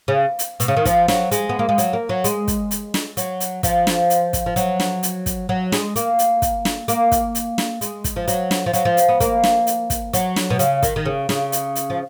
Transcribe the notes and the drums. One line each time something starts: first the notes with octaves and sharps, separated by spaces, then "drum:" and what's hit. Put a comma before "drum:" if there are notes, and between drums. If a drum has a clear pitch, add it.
C#3
drum: hi-hat
B2, drum: hi-hat
C#3
D#3
F3, drum: kick, hi-hat
F#3, drum: snare
G#3, drum: hi-hat
B3
A#3
G#3
F#3, drum: hi-hat
A#3
F#3
G#3, drum: hi-hat
drum: kick, hi-hat
drum: hi-hat
drum: snare
F#3, drum: hi-hat
drum: hi-hat
F3, drum: kick, hi-hat
drum: snare
drum: hi-hat
drum: kick, hi-hat
F3
F#3, drum: hi-hat
drum: snare
drum: hi-hat
drum: kick, hi-hat
F#3
G#3, drum: snare
A#3, drum: hi-hat
drum: hi-hat
drum: kick, hi-hat
drum: snare
A#3, drum: hi-hat
drum: kick, hi-hat
drum: hi-hat
drum: snare
G#3, drum: hi-hat
drum: kick, hi-hat
F3
F#3, drum: hi-hat
drum: snare
F3
F#3, drum: hi-hat
F3
drum: hi-hat
B3
A#3, drum: kick, hi-hat
drum: snare
drum: hi-hat
drum: kick, hi-hat
F#3, drum: hi-hat
drum: snare
B2
C#3, drum: hi-hat
D#3, drum: kick, hi-hat
D#3
C#3
C#3, drum: snare
drum: hi-hat
drum: hi-hat
F3